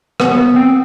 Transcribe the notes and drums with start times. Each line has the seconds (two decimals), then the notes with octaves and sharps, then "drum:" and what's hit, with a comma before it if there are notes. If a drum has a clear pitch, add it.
0.20 B3, drum: rim click
0.56 C4